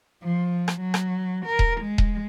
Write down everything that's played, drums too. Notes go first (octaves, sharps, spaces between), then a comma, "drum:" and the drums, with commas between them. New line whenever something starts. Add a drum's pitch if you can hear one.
F3
drum: rim click
F#3
drum: rim click
A#4
drum: kick D#1
G#3
drum: kick D#1